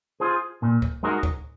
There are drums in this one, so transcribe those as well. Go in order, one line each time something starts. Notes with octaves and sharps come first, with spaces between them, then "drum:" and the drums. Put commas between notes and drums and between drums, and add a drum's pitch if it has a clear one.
F4 G#4 C5
A#2
drum: kick
G#3 D#4 F#4 A#4
drum: kick